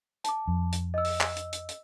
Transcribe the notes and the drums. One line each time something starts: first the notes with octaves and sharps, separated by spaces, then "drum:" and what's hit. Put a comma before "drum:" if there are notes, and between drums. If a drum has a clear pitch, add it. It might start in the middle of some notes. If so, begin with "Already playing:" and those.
A5 D6, drum: hi-hat
F2
drum: hi-hat
D#5 E6
drum: open hi-hat
drum: clap
drum: hi-hat
drum: hi-hat
drum: hi-hat